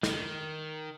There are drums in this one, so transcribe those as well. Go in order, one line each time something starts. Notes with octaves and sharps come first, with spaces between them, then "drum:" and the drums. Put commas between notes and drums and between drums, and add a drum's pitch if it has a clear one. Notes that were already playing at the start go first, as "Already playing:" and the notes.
D#3, drum: snare